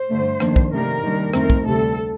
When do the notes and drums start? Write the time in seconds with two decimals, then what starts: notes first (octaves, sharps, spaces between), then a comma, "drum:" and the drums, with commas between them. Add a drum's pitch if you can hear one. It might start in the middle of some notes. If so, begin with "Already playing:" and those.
Already playing: C5
0.09 G2 D3 A3
0.40 F2 D#3 A#3 D4, drum: rim click
0.56 drum: kick
0.72 C3 D#3 A3 D4 A#4
1.02 D#2 D#3 G3 D4
1.34 F2 D#3 A3 C4 A#4, drum: rim click
1.50 drum: kick
1.65 D2 C3 G3 A4